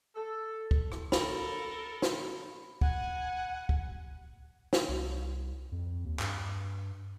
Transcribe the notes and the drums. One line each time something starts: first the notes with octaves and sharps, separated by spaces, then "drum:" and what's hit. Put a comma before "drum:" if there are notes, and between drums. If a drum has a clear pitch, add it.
A4
drum: kick
drum: rim click
A4 A#4 B5, drum: snare
drum: snare
F#5 G#5, drum: kick
drum: kick
drum: snare
C2
F2
D#2
G2, drum: clap